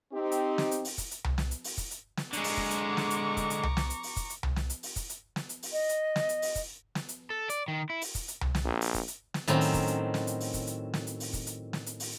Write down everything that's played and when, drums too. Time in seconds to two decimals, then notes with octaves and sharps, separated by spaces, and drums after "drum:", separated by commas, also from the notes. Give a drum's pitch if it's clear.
0.13 C4 D#4 G4
0.32 drum: hi-hat
0.58 drum: snare
0.71 drum: hi-hat
0.85 drum: open hi-hat
0.98 drum: kick, hi-hat
1.11 drum: hi-hat
1.24 drum: tom C2
1.38 drum: snare
1.51 drum: hi-hat
1.64 drum: open hi-hat
1.78 drum: kick, hi-hat
1.91 drum: hi-hat
2.17 drum: snare
2.33 D3 G#3 A#5 C#6 D6, drum: hi-hat
2.44 drum: open hi-hat
2.57 drum: kick
2.70 drum: hi-hat
2.97 drum: snare
3.10 drum: hi-hat
3.37 drum: kick, hi-hat
3.50 drum: hi-hat
3.63 drum: tom C2
3.77 drum: snare
3.90 drum: hi-hat
4.03 drum: open hi-hat
4.17 drum: kick, hi-hat
4.30 drum: hi-hat
4.43 drum: tom C2
4.56 drum: snare
4.70 drum: hi-hat
4.83 drum: open hi-hat
4.96 drum: kick, hi-hat
5.09 drum: hi-hat
5.36 drum: snare
5.49 drum: hi-hat
5.63 drum: open hi-hat
5.72 D#5
5.89 drum: hi-hat
6.16 drum: snare
6.29 drum: hi-hat
6.42 drum: open hi-hat
6.55 drum: kick, hi-hat
6.95 drum: snare
7.09 drum: hi-hat
7.30 A4
7.50 D5, drum: hi-hat
7.68 D#3
7.90 E4
8.01 drum: open hi-hat
8.15 drum: kick, hi-hat
8.28 drum: hi-hat
8.41 drum: tom C2
8.55 drum: snare
8.64 A#1
8.81 drum: open hi-hat
8.94 drum: kick, hi-hat
9.08 drum: hi-hat
9.34 drum: snare
9.48 A2 D#3 F#3 C4 C#4, drum: hi-hat
9.61 drum: open hi-hat
9.74 drum: kick, hi-hat
9.87 drum: hi-hat
10.14 drum: snare
10.27 drum: hi-hat
10.40 drum: open hi-hat
10.54 drum: kick, hi-hat
10.67 drum: hi-hat
10.94 drum: snare
11.07 drum: hi-hat
11.20 drum: open hi-hat
11.33 drum: kick, hi-hat
11.47 drum: hi-hat
11.73 drum: snare
11.86 drum: hi-hat
12.00 drum: open hi-hat